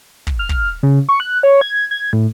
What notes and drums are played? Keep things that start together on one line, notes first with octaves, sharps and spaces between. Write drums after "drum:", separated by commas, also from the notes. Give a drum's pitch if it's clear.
drum: kick
F6
drum: kick
C#3
C#6
F#6
C#5
G#6
G#6
A2